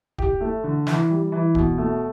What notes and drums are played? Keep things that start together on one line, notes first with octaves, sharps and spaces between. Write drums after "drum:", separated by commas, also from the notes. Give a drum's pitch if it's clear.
G4, drum: kick
A3
D3
E3, drum: snare
G3
E3
B2, drum: kick
A3